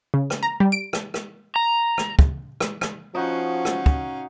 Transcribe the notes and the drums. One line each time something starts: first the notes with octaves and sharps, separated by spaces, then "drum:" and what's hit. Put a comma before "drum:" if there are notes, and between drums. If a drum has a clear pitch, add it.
C#3
drum: rim click
A#5
G3
D7
drum: rim click
drum: rim click
A#5
drum: rim click
drum: kick
drum: rim click
drum: rim click
F3 C#4 D#4 F#4 F5
drum: rim click
drum: kick